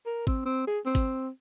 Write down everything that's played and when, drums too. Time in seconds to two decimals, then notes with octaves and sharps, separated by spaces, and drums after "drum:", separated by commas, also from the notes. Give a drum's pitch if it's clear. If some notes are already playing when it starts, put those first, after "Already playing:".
0.06 A#4
0.27 C4, drum: kick G#1
0.45 C4
0.67 G#4
0.86 C4
0.95 drum: kick G#1, hi-hat